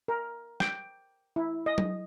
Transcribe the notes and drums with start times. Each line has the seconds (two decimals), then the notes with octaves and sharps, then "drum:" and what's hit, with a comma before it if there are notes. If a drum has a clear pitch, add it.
0.08 A#4
0.60 G5, drum: snare
1.36 E4
1.66 D#5
1.78 drum: tom F#3